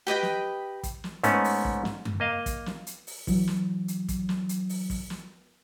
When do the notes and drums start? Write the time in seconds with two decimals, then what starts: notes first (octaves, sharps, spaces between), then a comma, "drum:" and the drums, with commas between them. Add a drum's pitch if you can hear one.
0.07 G4 B4 D#5 G5
0.23 drum: snare
0.83 drum: kick, hi-hat
1.04 drum: snare
1.23 G#2 A3 B3 C#4, drum: hi-hat
1.44 drum: open hi-hat
1.65 drum: kick
1.85 drum: snare
2.05 drum: tom F#2
2.20 A#3 D#5 F5
2.46 drum: kick, hi-hat
2.66 drum: snare
2.87 drum: hi-hat
3.07 drum: open hi-hat
3.27 E3 F#3, drum: kick, open hi-hat
3.48 drum: snare
3.88 drum: hi-hat
4.08 drum: kick, hi-hat
4.29 drum: snare
4.49 drum: hi-hat
4.69 drum: open hi-hat
4.90 drum: kick, open hi-hat
5.10 drum: snare